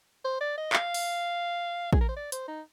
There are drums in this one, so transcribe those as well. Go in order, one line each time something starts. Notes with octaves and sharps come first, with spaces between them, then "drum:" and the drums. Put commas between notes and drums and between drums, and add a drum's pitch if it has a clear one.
C5
D5
D#5
F5, drum: clap
drum: open hi-hat
G#4, drum: kick
A#4
C5
D5
C5, drum: hi-hat
D#4